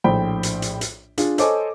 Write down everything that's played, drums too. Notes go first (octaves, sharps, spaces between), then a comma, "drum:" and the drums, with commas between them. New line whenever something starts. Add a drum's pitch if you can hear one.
A#1 A2 C5 G5 B5
drum: hi-hat
drum: hi-hat
drum: hi-hat
D4 F4 G#4, drum: hi-hat
A4 C5 C#5 D#5 G#5 D6, drum: hi-hat